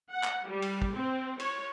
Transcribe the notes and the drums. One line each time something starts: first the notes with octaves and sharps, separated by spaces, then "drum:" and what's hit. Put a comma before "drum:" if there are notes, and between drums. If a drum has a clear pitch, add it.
F#5
drum: clap
G3
drum: cymbal
drum: kick
C4
C#5, drum: cymbal